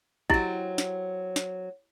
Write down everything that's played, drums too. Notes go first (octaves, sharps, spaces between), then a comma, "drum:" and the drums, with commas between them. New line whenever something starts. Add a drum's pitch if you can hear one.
F#3 C4 E4 G4 D#5, drum: kick A1
drum: snare
drum: snare